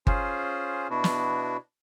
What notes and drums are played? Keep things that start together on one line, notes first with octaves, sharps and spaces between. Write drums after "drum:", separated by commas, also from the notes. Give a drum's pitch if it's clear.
C#4 F4 G#4 C5, drum: kick G1
B2 B3 D4 E4 F#4
drum: snare